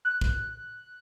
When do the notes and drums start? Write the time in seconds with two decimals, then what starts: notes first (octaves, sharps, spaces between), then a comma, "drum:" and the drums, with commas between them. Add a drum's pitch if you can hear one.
0.05 F#6
0.21 drum: kick